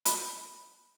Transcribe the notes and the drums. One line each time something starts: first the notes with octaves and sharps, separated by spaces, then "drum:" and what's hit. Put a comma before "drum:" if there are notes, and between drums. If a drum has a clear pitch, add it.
B5, drum: hi-hat